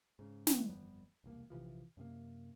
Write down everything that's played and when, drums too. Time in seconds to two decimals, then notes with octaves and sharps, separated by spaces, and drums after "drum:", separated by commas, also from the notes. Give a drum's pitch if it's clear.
0.19 G#2 C#3
0.47 E3, drum: snare
0.70 G1 F2 G3 B3
1.24 E1 C2 A#3
1.50 A#1 C3 E3 F3
1.97 F#2 C3 A#3